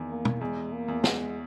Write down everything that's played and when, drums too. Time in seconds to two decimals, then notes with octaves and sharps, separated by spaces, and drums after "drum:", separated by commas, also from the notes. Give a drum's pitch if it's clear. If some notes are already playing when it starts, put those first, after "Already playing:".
Already playing: E2 D#3
0.09 A#3
0.25 drum: tom
0.41 E2 G#3
0.73 A#3
0.88 E2
1.04 G#3, drum: snare